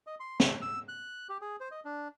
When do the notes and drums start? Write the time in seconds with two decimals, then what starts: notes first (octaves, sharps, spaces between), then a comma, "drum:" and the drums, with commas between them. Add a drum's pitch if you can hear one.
0.07 D#5
0.20 C6
0.40 A3, drum: snare
0.62 E6
0.88 F#6
1.29 G4
1.42 G#4
1.60 C5
1.71 D#5
1.85 D4